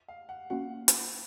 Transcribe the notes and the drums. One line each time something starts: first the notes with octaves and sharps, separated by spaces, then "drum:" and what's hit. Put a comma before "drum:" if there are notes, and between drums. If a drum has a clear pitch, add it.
F5
F#5
A#3 C#4 F#4 F#5
drum: hi-hat